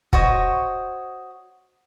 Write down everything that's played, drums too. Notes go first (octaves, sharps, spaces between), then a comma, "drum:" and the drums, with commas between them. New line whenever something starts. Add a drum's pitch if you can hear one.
F#4 C5 C#5 D#5, drum: kick